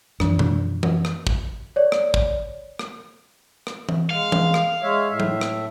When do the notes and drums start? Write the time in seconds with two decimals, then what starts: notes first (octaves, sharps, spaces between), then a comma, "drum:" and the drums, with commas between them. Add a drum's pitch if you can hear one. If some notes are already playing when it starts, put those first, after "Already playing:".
0.20 F#2 E3 F3 D4, drum: rim click
0.39 drum: tom B2
0.83 drum: tom E3
1.05 drum: rim click
1.27 drum: kick
1.76 C#5 D5
1.92 drum: rim click
2.14 drum: kick
2.79 drum: rim click
3.67 drum: rim click
3.89 drum: tom E3
4.10 G#3 F5
4.32 drum: tom E3
4.54 drum: rim click
4.82 G#3 C#5 E5
5.10 A2 E5
5.20 drum: tom F#3
5.41 drum: rim click